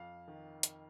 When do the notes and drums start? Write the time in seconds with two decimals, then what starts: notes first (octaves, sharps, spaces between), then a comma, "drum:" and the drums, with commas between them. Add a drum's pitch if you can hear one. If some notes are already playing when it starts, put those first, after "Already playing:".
Already playing: F2 F5
0.28 D#3
0.63 drum: hi-hat